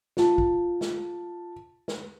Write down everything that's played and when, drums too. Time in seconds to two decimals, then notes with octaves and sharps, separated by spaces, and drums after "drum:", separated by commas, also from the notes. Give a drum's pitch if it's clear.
0.17 F4 A5, drum: snare
0.38 drum: kick
0.81 drum: snare
1.88 drum: snare